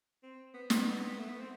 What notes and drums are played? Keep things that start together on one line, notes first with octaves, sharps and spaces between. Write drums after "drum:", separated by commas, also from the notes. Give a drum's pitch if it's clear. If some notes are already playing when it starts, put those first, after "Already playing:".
C4
B3
drum: snare
A3
B3
C4